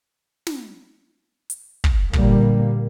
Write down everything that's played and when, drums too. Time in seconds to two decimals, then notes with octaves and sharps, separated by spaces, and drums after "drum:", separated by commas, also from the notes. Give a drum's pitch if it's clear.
0.47 drum: snare
1.50 drum: hi-hat
1.84 drum: kick
2.13 A#2 D3 G3 A#3, drum: kick